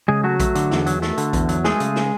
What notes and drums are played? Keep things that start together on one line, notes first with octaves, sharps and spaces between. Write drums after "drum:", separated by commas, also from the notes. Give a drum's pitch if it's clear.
C#3 G#3 G#4
F#3 A3 F#4
A3, drum: kick A#1, hi-hat
D3, drum: hi-hat
E2, drum: snare
F#3, drum: hi-hat
A3, drum: snare
D3, drum: hi-hat
E2, drum: kick A#1, hi-hat
F#3, drum: hi-hat
G#3 A3 G#4, drum: snare
C#3, drum: hi-hat
drum: snare